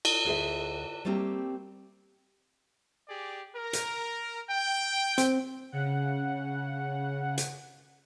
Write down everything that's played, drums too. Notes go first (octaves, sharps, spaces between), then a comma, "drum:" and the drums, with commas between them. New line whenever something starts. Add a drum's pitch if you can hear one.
drum: cymbal
D2 G#4 D#5 E5
G3 A3 A#3 C4 D#4 G4
G4 G#4 D5
A#4
drum: hi-hat
G5
C4, drum: hi-hat
C#3 F#5
drum: hi-hat